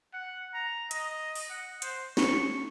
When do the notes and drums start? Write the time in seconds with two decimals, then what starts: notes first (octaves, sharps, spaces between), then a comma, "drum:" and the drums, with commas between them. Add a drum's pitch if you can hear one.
0.13 F#5
0.54 A#5
0.91 D#5, drum: hi-hat
1.35 drum: open hi-hat
1.50 F#5
1.82 C5, drum: hi-hat
2.17 C#6, drum: snare